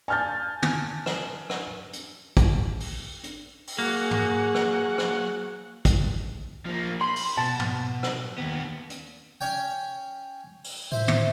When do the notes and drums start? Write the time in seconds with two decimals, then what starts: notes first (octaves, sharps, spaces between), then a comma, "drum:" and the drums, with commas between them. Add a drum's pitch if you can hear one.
0.08 G#5 A5 F6 G6 A6
0.62 drum: tom
1.06 drum: rim click
1.50 drum: rim click
1.93 drum: hi-hat
2.37 drum: kick, hi-hat
2.80 drum: open hi-hat
3.24 drum: hi-hat
3.67 drum: open hi-hat
3.79 F#3 A#3 G#4 F#5
4.11 drum: tom
4.54 drum: rim click
4.98 drum: rim click
5.85 drum: kick, hi-hat
6.66 F3 A#3
7.01 B5 C6
7.16 drum: open hi-hat
7.38 B2 A5
7.59 drum: tom
8.03 drum: rim click
8.38 D#2 B3
8.90 drum: hi-hat
9.41 C#4 C#5 G5
10.64 drum: open hi-hat
10.92 A2 C5 E5
11.08 drum: tom